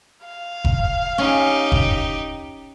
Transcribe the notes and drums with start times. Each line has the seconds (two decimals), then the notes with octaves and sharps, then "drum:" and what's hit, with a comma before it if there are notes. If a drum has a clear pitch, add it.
0.26 F5
0.65 drum: kick F1
1.18 C#4 D#4 G4
1.72 drum: kick F1